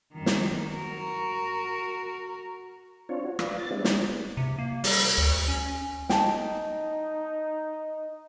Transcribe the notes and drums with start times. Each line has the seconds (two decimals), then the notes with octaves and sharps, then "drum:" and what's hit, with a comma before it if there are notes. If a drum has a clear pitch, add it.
0.13 F#2 D#3
0.26 drum: snare
0.69 F#4 A#4
3.09 C4 D4 F4 C#5
3.23 F#4
3.39 F4 B4 D5 F5, drum: rim click
3.59 A6
3.71 G3 G#3 B3 C4 D4 E4
3.85 G3 D4 D#4, drum: snare
4.37 C3
4.59 A#3
4.84 G3, drum: open hi-hat
5.18 D2
5.48 C#4
6.09 D#4 G5 A5, drum: snare